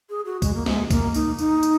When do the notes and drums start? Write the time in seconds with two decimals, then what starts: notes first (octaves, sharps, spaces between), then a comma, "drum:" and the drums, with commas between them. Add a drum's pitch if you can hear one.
0.10 G#4
0.26 F#4
0.42 G#3, drum: kick C2, tambourine
0.55 A#3
0.66 G#3, drum: snare
0.90 A#3, drum: kick C2, tambourine
1.14 D#4, drum: tambourine
1.39 D#4, drum: tambourine
1.63 drum: tambourine